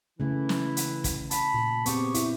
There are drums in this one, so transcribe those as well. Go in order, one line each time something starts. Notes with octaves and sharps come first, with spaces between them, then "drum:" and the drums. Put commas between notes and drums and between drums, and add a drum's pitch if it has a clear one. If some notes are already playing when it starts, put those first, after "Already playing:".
C#3 E3 A3 E4
drum: snare
drum: hi-hat
drum: kick, hi-hat
A5 B5, drum: hi-hat
A#2
B3 C4 G4 G#4 C#6, drum: hi-hat
E4, drum: hi-hat